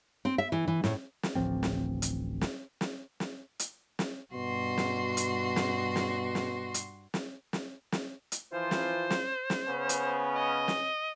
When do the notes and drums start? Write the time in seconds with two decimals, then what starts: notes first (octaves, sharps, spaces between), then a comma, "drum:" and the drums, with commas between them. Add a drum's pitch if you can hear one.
0.25 C4
0.38 E5
0.52 E3
0.68 E3
0.84 A2, drum: snare
1.23 drum: snare
1.35 D1 A1 F3 C4
1.63 drum: snare
2.02 drum: hi-hat
2.41 drum: snare
2.81 drum: snare
3.20 drum: snare
3.59 drum: hi-hat
3.99 drum: snare
4.34 G2 B2 F#4 C6
4.78 drum: snare
5.17 drum: hi-hat
5.56 drum: snare
5.96 drum: snare
6.35 drum: snare
6.74 drum: hi-hat
7.14 drum: snare
7.53 drum: snare
7.92 drum: snare
8.32 drum: hi-hat
8.53 E3 F3 F4 C5
8.71 drum: snare
9.10 drum: snare
9.50 drum: snare
9.68 C#3 B3 C#4
9.89 drum: hi-hat
10.35 D#5
10.68 drum: snare